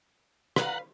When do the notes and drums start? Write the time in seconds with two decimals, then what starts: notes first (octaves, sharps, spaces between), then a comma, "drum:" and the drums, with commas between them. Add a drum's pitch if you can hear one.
0.56 B4 D#5 F5 F#5 A#5 F#6, drum: rim click